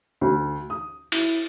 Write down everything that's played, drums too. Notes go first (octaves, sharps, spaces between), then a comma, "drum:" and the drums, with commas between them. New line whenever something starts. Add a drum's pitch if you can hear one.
D2
D#6
E4, drum: cymbal